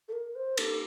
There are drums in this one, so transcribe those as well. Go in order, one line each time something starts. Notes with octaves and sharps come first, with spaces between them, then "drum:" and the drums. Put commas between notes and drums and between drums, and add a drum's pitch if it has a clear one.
A4
A#4
C5
A4, drum: cymbal